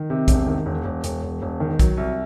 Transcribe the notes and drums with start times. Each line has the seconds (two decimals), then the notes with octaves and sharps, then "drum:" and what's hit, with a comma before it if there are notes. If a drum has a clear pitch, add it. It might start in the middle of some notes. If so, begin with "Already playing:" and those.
Already playing: D#3
0.10 C3
0.28 E1, drum: kick, hi-hat
0.47 D#3
0.66 E1
0.84 E1
1.04 E1, drum: hi-hat
1.23 E1
1.42 E1
1.60 D#3
1.79 F#3, drum: kick, hi-hat
1.97 C2